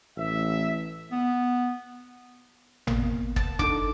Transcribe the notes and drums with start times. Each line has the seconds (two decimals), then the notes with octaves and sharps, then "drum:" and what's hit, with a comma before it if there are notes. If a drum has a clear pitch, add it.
0.16 A1 E5
1.12 B3
2.87 A#3 B3, drum: tom G#1
3.36 A5, drum: kick
3.59 D4 D#4 A4 D6, drum: kick